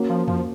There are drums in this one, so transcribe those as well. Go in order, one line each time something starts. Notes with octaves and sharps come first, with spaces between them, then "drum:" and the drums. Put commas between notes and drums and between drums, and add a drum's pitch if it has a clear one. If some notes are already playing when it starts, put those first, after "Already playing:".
Already playing: A#3 C#4 F#4
F3
F3, drum: tom E2